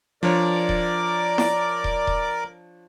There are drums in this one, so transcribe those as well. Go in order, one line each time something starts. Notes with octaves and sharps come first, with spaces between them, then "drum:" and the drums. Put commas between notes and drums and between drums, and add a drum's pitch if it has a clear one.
F3 D4 A#4 C#5 D5 D6
drum: kick D#1
drum: snare E4
drum: kick D#1
drum: kick D#1